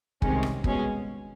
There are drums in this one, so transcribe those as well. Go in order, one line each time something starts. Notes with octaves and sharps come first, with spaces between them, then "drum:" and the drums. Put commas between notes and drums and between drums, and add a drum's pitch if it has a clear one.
C2 C3 D#3 G#3 C#4, drum: kick
drum: rim click
B2 G#3 C#4, drum: kick